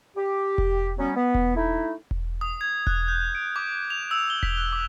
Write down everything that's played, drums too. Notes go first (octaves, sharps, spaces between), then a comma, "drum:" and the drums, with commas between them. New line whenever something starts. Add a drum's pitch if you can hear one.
G4
drum: kick E1
F#3 G3 B3 C#4
B3
drum: kick E1
A3 D#4 E4
drum: kick E1
D#6
G#6
F#6, drum: kick E1
G6
D7
D6
F7
E6
G7
B6, drum: kick E1
F#6
D6